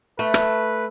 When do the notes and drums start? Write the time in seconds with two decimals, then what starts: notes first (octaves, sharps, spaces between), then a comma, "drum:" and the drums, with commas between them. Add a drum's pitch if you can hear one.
0.19 A3 B4
0.34 drum: rim click